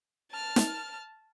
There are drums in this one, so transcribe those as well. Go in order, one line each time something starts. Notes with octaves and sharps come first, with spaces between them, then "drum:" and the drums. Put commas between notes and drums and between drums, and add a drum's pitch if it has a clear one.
A5 F6
drum: snare